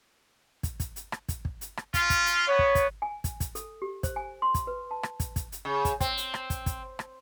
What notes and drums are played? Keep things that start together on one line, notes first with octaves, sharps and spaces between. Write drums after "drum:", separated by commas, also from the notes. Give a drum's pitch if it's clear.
drum: kick, hi-hat
drum: kick, hi-hat
drum: hi-hat
drum: rim click
drum: kick, hi-hat
drum: kick
drum: hi-hat
drum: rim click
C#4 F4, drum: kick, hi-hat
drum: kick, hi-hat
drum: hi-hat
B3 C#5
drum: kick
drum: kick, hi-hat
G#5
drum: kick, hi-hat
drum: kick, hi-hat
A4, drum: hi-hat
G4
C5, drum: kick, hi-hat
G#5
C6
drum: kick, hi-hat
B4
A5
drum: rim click
drum: kick, hi-hat
drum: kick, hi-hat
drum: hi-hat
C#3
drum: kick, hi-hat
C4, drum: kick, hi-hat
drum: hi-hat
drum: rim click
drum: kick, hi-hat
drum: kick, hi-hat
drum: rim click